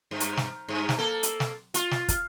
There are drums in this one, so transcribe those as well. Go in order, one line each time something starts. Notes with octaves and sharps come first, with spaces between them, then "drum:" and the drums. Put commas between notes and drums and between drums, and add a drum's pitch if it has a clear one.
G2
drum: hi-hat
drum: snare
G2
drum: snare
A#3 A4
drum: hi-hat
drum: snare
F4, drum: hi-hat
drum: snare
drum: kick, hi-hat